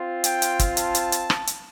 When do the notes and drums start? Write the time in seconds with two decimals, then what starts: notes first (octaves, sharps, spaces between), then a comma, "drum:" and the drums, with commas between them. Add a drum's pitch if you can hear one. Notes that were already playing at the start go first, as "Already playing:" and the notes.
Already playing: C4 F4
0.24 G5, drum: hi-hat
0.42 drum: hi-hat
0.59 drum: kick G1, hi-hat
0.77 A5, drum: hi-hat
0.95 drum: hi-hat
1.12 drum: hi-hat
1.30 drum: rim click
1.47 drum: hi-hat